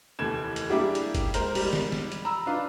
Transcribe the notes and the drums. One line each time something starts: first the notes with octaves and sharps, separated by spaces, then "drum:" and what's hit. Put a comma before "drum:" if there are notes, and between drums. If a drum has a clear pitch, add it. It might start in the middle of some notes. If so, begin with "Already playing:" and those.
F1 D#2 E3 A3 G#6 E7
drum: hi-hat
G3 A#3 D4 E4 G4 G#4
drum: hi-hat
drum: kick, hi-hat
G#3 A#3 A#4 C5, drum: hi-hat
G3 G#3, drum: open hi-hat
drum: snare
drum: snare
drum: hi-hat
A#5 B5 E6
D4 D#4 F4 B4 F5